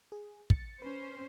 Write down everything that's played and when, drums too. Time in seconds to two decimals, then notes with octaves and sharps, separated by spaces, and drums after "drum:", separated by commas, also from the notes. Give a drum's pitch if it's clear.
0.12 G#4
0.50 A6 C#7, drum: kick
0.82 C#4 B4 C5